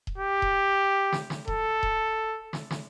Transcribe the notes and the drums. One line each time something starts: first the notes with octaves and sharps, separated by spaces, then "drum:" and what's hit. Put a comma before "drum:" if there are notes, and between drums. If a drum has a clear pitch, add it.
drum: kick D#1
G4
drum: kick D#1
drum: snare
drum: snare
A4, drum: kick D#1
drum: kick D#1
drum: snare
drum: snare